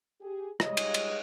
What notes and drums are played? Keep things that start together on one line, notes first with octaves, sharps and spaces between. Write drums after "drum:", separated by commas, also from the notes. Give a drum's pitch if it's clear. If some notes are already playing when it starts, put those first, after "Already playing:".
G4 G#4
G3 G#3 G#4 C#5 D#5, drum: rim click
drum: cymbal
drum: cymbal